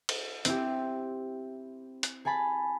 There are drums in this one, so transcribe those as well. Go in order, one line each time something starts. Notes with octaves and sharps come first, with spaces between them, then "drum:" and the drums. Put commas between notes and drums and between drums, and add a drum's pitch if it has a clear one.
drum: cymbal
C4 E4 G4, drum: hi-hat
drum: hi-hat
G#4 G#5 A5 B5